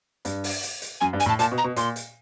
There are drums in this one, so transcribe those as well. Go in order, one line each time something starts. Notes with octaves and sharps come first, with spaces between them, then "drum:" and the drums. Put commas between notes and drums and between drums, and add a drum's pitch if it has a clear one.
G2, drum: hi-hat
drum: open hi-hat
drum: hi-hat
drum: hi-hat
F#2 G#5
G2
G#5, drum: hi-hat
A2
A5
A#2 A5, drum: hi-hat
B2
A#5
B2
A#2 C6, drum: hi-hat
drum: hi-hat